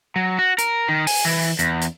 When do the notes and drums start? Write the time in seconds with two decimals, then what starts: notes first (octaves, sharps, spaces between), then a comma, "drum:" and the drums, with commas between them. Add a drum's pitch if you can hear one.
0.16 F#3
0.39 F#4
0.58 A#4, drum: hi-hat
0.89 D#3
1.07 G#5, drum: open hi-hat
1.25 E3
1.59 E2, drum: hi-hat
1.81 drum: hi-hat